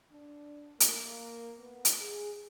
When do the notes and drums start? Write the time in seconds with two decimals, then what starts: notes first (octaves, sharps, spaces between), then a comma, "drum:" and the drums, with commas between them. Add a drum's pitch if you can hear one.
0.12 D4
0.80 A#3, drum: hi-hat
1.59 B3
1.85 drum: hi-hat
2.00 G#4